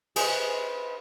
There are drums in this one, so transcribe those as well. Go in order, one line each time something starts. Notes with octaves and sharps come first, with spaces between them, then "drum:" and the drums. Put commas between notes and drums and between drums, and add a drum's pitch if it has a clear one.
G#4 B4 C5, drum: cymbal